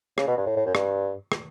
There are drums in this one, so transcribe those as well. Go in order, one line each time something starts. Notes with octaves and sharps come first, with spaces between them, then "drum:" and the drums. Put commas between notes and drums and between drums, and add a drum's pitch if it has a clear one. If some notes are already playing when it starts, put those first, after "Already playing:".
C#3, drum: rim click
B2
G2
A2
A2
F#2
G2, drum: rim click
drum: rim click